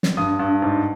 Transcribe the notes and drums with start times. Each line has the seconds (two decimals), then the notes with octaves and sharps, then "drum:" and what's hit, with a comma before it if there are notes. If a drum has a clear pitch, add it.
0.03 drum: snare
0.17 G2 D#6
0.39 G2
0.62 G#2